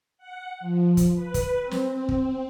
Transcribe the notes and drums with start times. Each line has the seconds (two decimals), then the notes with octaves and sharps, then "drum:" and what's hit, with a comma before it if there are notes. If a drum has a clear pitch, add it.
0.18 F#5
0.60 F3
0.97 drum: kick, hi-hat
1.15 B4
1.34 drum: kick, hi-hat
1.60 C4
1.71 drum: snare
2.09 drum: kick